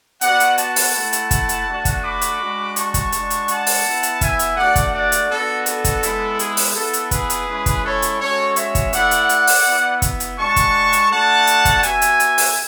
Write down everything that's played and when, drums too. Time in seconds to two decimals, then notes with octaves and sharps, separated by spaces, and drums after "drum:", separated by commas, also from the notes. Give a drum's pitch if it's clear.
0.21 B3 F#4 D5 F#5, drum: hi-hat
0.40 drum: hi-hat
0.58 F#5 A5, drum: hi-hat
0.76 drum: open hi-hat
0.94 A3 E4
1.13 drum: hi-hat
1.31 drum: kick, hi-hat
1.49 drum: hi-hat
1.66 A3 D4 F#4
1.85 drum: kick, hi-hat
2.03 B5 D6
2.21 drum: hi-hat
2.40 G#3 D4 F#4
2.76 A5 C#6, drum: hi-hat
2.94 drum: kick, hi-hat
3.12 G#3 D4 F#4, drum: hi-hat
3.30 drum: hi-hat
3.48 F#5 A5, drum: hi-hat
3.67 drum: open hi-hat
3.85 B3 E4
4.03 drum: hi-hat
4.21 E5 G#5, drum: kick, hi-hat
4.39 drum: hi-hat
4.57 A3 D4 F#4 D5 F#5
4.76 drum: kick, hi-hat
4.93 D5 F#5
5.12 drum: hi-hat
5.29 B3 D4 F#4 A4
5.66 A4, drum: hi-hat
5.84 drum: kick, hi-hat
6.03 G#3 B3 E4, drum: hi-hat
6.39 G#4, drum: hi-hat
6.57 drum: open hi-hat
6.75 B3 E4 A4
6.93 drum: hi-hat
7.11 G#4 B4, drum: kick, hi-hat
7.30 drum: hi-hat
7.47 G#3 C#4 E4
7.66 drum: kick, hi-hat
7.84 A4 C#5
8.02 drum: hi-hat
8.20 G#3 C#4 F#4 A4 C#5
8.56 C#5 E5, drum: hi-hat
8.75 drum: kick, hi-hat
8.93 A3 E4 D5 F#5, drum: hi-hat
9.11 drum: hi-hat
9.29 drum: hi-hat
9.47 drum: open hi-hat
9.66 B3 E4
10.02 drum: kick, hi-hat
10.20 drum: hi-hat
10.38 G#3 D4 F#4 A5 C#6
10.56 drum: kick, hi-hat
10.93 drum: hi-hat
11.11 A3 D4 F#4 F#5 A5
11.47 drum: hi-hat
11.65 drum: kick, hi-hat
11.83 B3 F#4 E5 G#5, drum: hi-hat
12.02 drum: hi-hat
12.20 drum: hi-hat
12.38 drum: open hi-hat